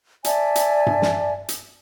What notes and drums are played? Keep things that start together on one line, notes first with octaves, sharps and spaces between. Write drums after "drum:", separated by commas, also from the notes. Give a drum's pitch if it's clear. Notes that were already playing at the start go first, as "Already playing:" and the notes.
D5 E5 G#5 A5, drum: hi-hat
drum: hi-hat
drum: tom G2
drum: snare
drum: hi-hat